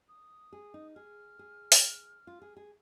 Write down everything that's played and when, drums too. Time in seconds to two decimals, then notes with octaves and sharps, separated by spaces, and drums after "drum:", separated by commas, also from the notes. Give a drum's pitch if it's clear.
0.09 D#6
0.53 G#4
0.74 D#4
0.95 G#4 F6
1.39 G#4
1.72 drum: open hi-hat
2.27 F4
2.42 G#4
2.57 G#4